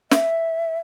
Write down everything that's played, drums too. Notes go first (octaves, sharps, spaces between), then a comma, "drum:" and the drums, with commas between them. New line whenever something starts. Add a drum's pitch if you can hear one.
E5, drum: snare